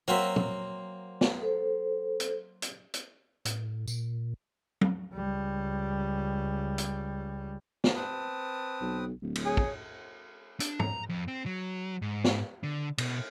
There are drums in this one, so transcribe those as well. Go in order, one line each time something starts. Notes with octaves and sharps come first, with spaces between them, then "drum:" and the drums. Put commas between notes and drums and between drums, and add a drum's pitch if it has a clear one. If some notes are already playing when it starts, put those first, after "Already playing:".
F#3 A#3 C4 E5
drum: tom
drum: snare
A4 C5
drum: hi-hat
drum: hi-hat
drum: hi-hat
A2, drum: hi-hat
A#2, drum: tambourine
drum: tom
C#2 G3
drum: hi-hat
drum: snare
C4 B4 A5 D#6
B1
D1
drum: cymbal
G#4 C#5
drum: kick
D4, drum: hi-hat
A#5, drum: tom
F2
C4
F#3
G#2
drum: snare
D3
B2, drum: cymbal